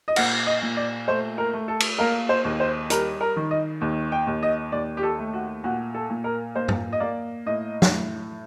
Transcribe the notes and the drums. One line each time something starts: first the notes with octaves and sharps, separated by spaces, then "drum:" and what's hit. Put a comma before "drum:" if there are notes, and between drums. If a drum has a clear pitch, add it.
D#5
A#2 F#5, drum: cymbal
D#5
A#2
D5
A3 C5
A#4
A3
A4
drum: cymbal
A#3 A#4
C5
D#2
C5
G3 A#4, drum: hi-hat
A#4
D#3
D#5
D#2
G5
D#2
D#5
D#2 D5
G4
A4
A3
F#4
A#2 F#4
A4
A#2
A#4
A#3 C5
drum: tom G#2
D#5
A#3 D5
A2 D#5
drum: snare
A2